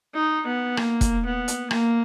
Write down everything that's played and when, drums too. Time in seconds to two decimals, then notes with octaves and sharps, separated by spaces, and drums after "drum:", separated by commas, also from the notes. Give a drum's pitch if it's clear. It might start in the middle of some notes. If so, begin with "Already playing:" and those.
0.14 D#4
0.47 B3
0.77 A#3, drum: rim click
1.01 drum: kick, hi-hat
1.25 B3
1.48 drum: hi-hat
1.71 A#3, drum: rim click